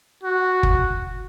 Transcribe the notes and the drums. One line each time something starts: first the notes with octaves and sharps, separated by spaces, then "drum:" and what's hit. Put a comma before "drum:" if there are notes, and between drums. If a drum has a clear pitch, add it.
F#4
drum: kick